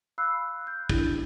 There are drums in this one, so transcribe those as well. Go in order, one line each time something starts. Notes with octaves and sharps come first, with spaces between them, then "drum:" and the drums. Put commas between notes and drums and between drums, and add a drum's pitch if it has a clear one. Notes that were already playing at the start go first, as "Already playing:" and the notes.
F5 B5 E6 F#6 C7
G6
D4 E4, drum: kick